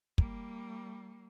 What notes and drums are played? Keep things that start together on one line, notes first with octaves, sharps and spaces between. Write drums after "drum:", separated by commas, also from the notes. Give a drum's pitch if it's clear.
G3 A#3, drum: kick